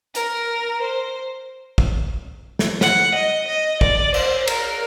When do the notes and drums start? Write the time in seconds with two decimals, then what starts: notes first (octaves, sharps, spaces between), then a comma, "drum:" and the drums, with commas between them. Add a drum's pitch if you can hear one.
0.15 A#4, drum: hi-hat
0.81 C5
1.78 drum: kick
2.59 drum: snare
2.81 F#5, drum: snare
3.14 D#5
3.47 D#5
3.81 D5, drum: kick
4.14 C5, drum: cymbal
4.47 A#4, drum: cymbal